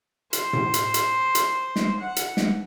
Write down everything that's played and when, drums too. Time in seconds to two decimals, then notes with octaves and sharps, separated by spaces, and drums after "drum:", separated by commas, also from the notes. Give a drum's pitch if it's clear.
0.33 C5, drum: hi-hat
0.53 drum: tom A2
0.74 drum: hi-hat
0.94 drum: hi-hat
1.35 drum: hi-hat
1.76 drum: snare
2.00 F#5
2.16 drum: hi-hat
2.37 drum: snare